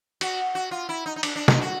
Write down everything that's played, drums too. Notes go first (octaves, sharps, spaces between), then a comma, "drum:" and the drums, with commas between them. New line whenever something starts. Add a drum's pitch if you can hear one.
F#4, drum: cymbal
F#4
F4
E4
D#4
D#4
D4, drum: cymbal
D4
D#4, drum: snare
F#4